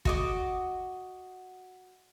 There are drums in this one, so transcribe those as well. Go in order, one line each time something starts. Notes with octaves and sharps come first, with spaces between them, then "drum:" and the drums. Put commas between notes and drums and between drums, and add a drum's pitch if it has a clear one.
F#4 D#5 D6, drum: kick